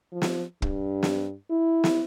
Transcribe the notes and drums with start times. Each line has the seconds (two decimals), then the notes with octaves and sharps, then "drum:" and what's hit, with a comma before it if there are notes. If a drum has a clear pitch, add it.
0.12 F3
0.22 drum: snare
0.62 G2, drum: kick
1.03 drum: snare
1.50 E4
1.84 drum: snare